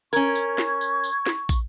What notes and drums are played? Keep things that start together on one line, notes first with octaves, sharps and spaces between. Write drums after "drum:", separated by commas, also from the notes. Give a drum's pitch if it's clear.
C#4 A#4 C#6 G#6, drum: tambourine
drum: tambourine
drum: snare
drum: tambourine
drum: tambourine
drum: snare
drum: kick, tambourine